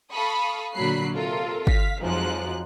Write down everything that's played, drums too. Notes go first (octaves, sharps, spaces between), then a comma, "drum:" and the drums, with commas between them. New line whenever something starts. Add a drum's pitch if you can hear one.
A4 F5 B5 C#6 D#6
A#2 D3 F#3 B5 F#6 C7
C3 F4 A4 A#4
F5 B6, drum: kick G1
F2 G#2 F3 F#3 G#3 F#6